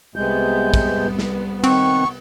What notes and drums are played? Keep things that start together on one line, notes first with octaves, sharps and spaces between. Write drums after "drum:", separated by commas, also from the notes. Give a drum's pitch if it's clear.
C2 C3 G#3 B3 G6
drum: kick, cymbal
drum: snare
D#3 C4 F#5 C#6, drum: cymbal